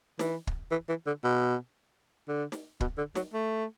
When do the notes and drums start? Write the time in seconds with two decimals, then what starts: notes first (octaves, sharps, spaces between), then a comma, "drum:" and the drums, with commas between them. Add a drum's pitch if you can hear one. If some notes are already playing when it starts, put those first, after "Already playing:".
0.19 E3, drum: snare
0.47 drum: kick
0.71 E3
0.89 E3
1.06 D3
1.24 B2
2.28 D3
2.52 drum: snare
2.80 B2, drum: kick
2.97 D3
3.15 F#3, drum: snare
3.33 A3